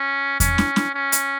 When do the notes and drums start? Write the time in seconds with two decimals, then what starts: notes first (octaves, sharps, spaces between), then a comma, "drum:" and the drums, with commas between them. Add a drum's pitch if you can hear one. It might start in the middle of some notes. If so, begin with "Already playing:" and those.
Already playing: C#4
0.40 C#4, drum: kick E2, hi-hat
0.58 drum: snare
0.76 drum: snare
0.95 C#4
1.12 drum: hi-hat